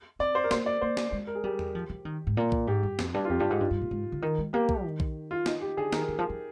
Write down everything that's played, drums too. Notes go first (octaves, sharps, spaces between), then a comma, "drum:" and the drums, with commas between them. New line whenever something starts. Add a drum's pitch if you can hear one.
C4 D5
C5
A#4
A#3 C5, drum: snare
D5
A#3 C5
drum: snare
G#3
A#4
G#4
G3 G4
drum: tom E2
F3
F3
D#3
G#2
A#2
drum: kick B1
G#2 G4
G2
F2, drum: snare
G2
F4
F2 G4
G2 G4
G#2 D#4
G2 F4
G2
A#2
G#2
D3
D#3
G#3
A#3 G4
drum: kick B1
D#3
drum: kick B1
F4
D#4, drum: snare
G4
D3 G#4
D#3 A#4, drum: snare
D#3
F3
F3